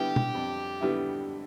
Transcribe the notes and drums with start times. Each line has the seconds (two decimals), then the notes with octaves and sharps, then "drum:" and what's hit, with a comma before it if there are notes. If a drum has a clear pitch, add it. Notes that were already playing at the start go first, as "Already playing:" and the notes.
Already playing: D3 G3 B3 E4 G4
0.16 drum: tom B2
0.35 F2
0.81 D3 G3 B3 E4